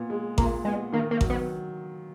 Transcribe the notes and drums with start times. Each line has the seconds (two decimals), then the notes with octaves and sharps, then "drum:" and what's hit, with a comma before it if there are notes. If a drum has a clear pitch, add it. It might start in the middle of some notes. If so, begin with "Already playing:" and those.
Already playing: A#2 B3
0.10 G#3
0.38 A#2 A#3, drum: kick A1
0.65 G#3 B3
0.92 D#3 A#3
1.11 A#3
1.21 F#3, drum: kick A1
1.30 B3